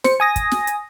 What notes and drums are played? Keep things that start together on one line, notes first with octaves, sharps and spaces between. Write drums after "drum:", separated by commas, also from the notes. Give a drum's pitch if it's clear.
C5 C#7, drum: snare
G#5 D#6 A#6
drum: kick, hi-hat
drum: snare
drum: hi-hat